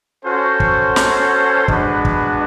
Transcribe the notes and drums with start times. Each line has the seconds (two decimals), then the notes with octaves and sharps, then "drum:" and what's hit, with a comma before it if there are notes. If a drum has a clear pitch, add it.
0.24 C#4 F#4 A4 C5
0.60 drum: kick
0.96 drum: snare
1.68 G#3 B3 D4 F#4 B4, drum: kick
2.05 drum: kick